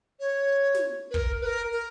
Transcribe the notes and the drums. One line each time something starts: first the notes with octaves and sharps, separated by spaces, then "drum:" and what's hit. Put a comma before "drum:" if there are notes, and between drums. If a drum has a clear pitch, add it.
C#5
drum: snare
B4
A#4, drum: kick
B4
A#4
A#4